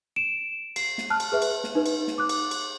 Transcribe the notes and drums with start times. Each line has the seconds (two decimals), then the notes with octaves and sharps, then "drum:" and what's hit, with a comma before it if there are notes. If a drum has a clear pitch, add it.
0.16 D7 E7
0.76 C7, drum: cymbal
0.98 drum: snare
1.10 A5 F6 F#6
1.20 drum: cymbal
1.32 G#4 B4 E5
1.42 drum: cymbal
1.64 drum: snare
1.75 D#4 B4
1.86 drum: cymbal
2.08 drum: snare
2.18 D6 F#6
2.29 drum: cymbal
2.51 drum: cymbal